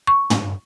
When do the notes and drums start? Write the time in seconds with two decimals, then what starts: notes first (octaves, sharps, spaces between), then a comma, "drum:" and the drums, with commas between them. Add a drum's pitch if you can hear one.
0.07 C#6
0.30 drum: tom